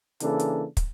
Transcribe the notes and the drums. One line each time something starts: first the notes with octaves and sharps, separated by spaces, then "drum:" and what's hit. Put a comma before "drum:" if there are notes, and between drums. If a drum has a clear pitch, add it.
C#3 E3 A#3 D4 A4, drum: hi-hat
drum: hi-hat
drum: kick, hi-hat